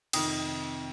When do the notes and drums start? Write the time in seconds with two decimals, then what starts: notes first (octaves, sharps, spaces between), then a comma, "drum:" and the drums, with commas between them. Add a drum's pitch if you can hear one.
0.13 F2 C3 D#3 D#6, drum: cymbal